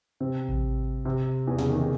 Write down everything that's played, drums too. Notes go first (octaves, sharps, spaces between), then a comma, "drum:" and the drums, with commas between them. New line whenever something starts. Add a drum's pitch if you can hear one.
C3 C4
drum: kick A1
C3 C4
E2 E3
C#3, drum: snare
D#3
D#3